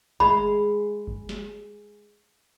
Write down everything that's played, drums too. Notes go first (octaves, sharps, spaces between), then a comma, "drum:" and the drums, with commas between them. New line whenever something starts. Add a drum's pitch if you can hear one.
G#3 B5, drum: kick F#1
drum: kick F#1
drum: snare